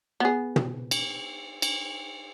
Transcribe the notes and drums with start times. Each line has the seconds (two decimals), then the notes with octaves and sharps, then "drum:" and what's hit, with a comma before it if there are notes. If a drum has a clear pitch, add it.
0.20 B3 G#4
0.56 drum: tom
0.91 drum: cymbal
1.62 drum: cymbal